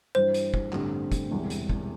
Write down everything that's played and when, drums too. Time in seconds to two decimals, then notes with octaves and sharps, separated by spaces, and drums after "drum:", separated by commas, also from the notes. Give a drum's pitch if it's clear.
0.15 G2 E3 G3 E4 C5
0.34 drum: hi-hat
0.54 drum: kick
0.73 A1 G2 D3 C4 G4, drum: clap
1.12 drum: kick, hi-hat
1.31 E1 E2 C3 G3
1.50 drum: hi-hat
1.70 drum: kick